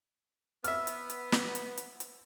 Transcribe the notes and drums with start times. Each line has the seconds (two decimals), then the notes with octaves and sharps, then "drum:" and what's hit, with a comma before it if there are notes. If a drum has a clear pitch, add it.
0.64 B3 E5 F6, drum: hi-hat
0.87 drum: hi-hat
1.10 drum: hi-hat
1.32 drum: snare
1.55 drum: hi-hat
1.77 drum: hi-hat
2.00 drum: hi-hat